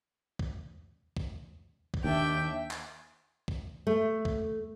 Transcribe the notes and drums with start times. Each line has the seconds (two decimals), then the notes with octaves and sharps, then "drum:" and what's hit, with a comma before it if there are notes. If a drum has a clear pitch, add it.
0.39 drum: kick
1.17 drum: kick
1.94 drum: kick
2.04 D#2 D4 E5 G5
2.71 drum: clap
3.48 drum: kick
3.87 A3
4.25 drum: kick